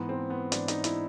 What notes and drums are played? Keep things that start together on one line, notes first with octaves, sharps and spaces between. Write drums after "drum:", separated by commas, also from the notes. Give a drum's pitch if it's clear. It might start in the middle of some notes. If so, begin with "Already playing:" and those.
Already playing: G#2 E3 B3
C4
B3
G#2 E3 D4, drum: hi-hat
D#4, drum: hi-hat
E4, drum: hi-hat